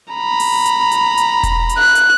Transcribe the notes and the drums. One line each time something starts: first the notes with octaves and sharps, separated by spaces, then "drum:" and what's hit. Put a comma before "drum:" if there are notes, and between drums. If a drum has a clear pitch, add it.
A#5 B5
drum: open hi-hat
drum: hi-hat
drum: hi-hat
drum: hi-hat
drum: kick E1, hi-hat
drum: hi-hat
F#6
drum: hi-hat